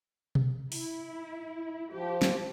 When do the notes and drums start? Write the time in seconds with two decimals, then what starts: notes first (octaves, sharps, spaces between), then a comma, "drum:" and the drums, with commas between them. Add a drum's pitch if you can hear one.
0.35 drum: tom B2
0.72 E4, drum: open hi-hat
1.93 F3 G4
2.22 drum: snare